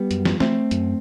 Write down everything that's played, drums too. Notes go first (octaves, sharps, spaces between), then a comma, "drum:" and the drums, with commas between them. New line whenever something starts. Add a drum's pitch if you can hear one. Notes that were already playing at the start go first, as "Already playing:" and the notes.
Already playing: G3 B3
F#2, drum: hi-hat
drum: snare
A3 C4, drum: snare
F#2, drum: hi-hat